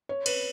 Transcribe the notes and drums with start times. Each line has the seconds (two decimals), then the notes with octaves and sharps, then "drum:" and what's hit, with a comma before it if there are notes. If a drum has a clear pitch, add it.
0.09 C#5
0.26 B4, drum: cymbal